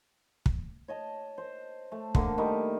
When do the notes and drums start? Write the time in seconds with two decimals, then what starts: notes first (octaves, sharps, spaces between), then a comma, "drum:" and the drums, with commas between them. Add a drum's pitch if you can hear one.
0.46 drum: kick
0.88 C#5 D#5 A5
1.38 C5
1.92 A3
2.15 D3 A3 A#3, drum: kick
2.38 D#3 G3